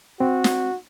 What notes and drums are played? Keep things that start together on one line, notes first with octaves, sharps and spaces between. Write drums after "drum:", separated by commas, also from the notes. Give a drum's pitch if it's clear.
C4 F#4
drum: snare